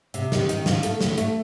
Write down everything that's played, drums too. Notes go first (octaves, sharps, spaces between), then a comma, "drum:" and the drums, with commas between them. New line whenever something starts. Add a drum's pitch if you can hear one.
C3, drum: hi-hat
D#3, drum: snare
D#3, drum: hi-hat
F3, drum: snare
A3, drum: hi-hat
drum: snare
A3, drum: hi-hat